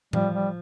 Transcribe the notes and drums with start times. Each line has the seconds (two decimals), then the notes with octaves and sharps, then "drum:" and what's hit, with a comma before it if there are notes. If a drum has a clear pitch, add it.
0.13 F3 G3, drum: tom A2
0.34 G3